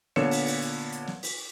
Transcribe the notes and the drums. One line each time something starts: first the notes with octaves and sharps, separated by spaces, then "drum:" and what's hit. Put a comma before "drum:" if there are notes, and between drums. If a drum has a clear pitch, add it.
A#2 D3 B3 C#5 C#7 E7, drum: snare
drum: open hi-hat
drum: open hi-hat
drum: hi-hat
drum: hi-hat
drum: snare
drum: open hi-hat